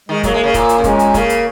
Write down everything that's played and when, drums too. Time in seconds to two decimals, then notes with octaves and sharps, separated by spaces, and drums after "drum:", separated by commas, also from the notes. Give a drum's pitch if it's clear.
0.09 D#3 G#3
0.23 F#3 A#3, drum: kick, hi-hat
0.34 G#3
0.43 C#3
0.54 A#2, drum: kick, hi-hat
0.69 drum: hi-hat
0.78 C#3
0.84 A#2 G#3 C#4, drum: kick, hi-hat
0.99 drum: hi-hat
1.14 C#3 A#3, drum: kick, hi-hat
1.29 drum: hi-hat